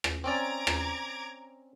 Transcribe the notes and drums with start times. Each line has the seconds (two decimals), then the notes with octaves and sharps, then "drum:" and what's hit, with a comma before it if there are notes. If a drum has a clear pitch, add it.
0.04 drum: rim click
0.24 C4 C#4 D5 A#5 D6 G#6
0.67 drum: rim click